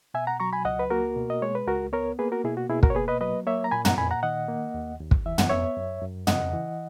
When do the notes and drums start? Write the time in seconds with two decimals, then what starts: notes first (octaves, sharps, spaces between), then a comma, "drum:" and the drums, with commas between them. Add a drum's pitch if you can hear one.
0.14 B2 E5 G#5
0.27 F#5 A#5
0.40 F#3 A#5 C#6
0.53 G#5 B5
0.65 C#2 D#5 F#5
0.79 B4
0.90 A#3 F#4 A#4
1.17 B2
1.30 D#5
1.42 G#3 C#5
1.55 B4
1.67 C#2 F#4 A#4
1.93 B3 A#4 C#5
2.19 A#3 G#4 B4
2.32 F#4 A#4
2.44 B2 E4 G#4
2.57 F#4
2.70 B2 E4 G#4
2.83 F#4 A#4, drum: kick
2.90 C#5
2.95 A#3 G#4 B4
3.08 B4 D#5
3.21 F#3 B4 D#5
3.47 A#3 C#5 E5
3.64 A#5
3.71 A#2 G#5 B5
3.85 F#5 A#5, drum: tom
3.98 A#2 G#5 B5
4.11 F#5 A#5
4.23 D#3 D#5 F#5
4.48 A#3
4.74 D#2
5.00 D#2
5.11 drum: kick
5.26 E3 E5
5.38 F#5, drum: tom
5.50 B3 C#5 E5
5.77 F#2
6.02 F#2
6.27 C#3 D#5 F#5, drum: tom
6.53 E3